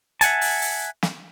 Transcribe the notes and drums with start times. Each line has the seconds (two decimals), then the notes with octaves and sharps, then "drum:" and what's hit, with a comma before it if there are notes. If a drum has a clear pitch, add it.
0.21 E5 F#5 G#5 A5, drum: hi-hat
0.41 drum: open hi-hat
0.62 drum: open hi-hat
1.03 drum: snare